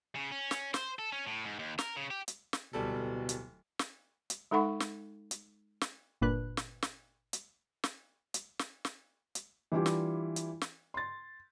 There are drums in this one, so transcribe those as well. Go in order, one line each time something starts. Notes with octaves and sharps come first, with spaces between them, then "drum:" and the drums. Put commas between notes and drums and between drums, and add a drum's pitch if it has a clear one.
C#3
C#4
drum: snare
C5, drum: snare
A4
C#4
A2
G#2
D#2
A#4, drum: snare
C#3
G4
drum: hi-hat
drum: snare
D1 B2 G3 A4
drum: hi-hat
drum: snare
drum: hi-hat
G#3 D#4 A4 F#5 B5 C#6
drum: snare
drum: hi-hat
drum: snare
G1 A#2 D4 B4 F#6
drum: snare
drum: snare
drum: hi-hat
drum: snare
drum: hi-hat
drum: snare
drum: snare
drum: hi-hat
E3 G3 D4 E4 F4 G4
drum: snare
drum: hi-hat
drum: snare
C6 A6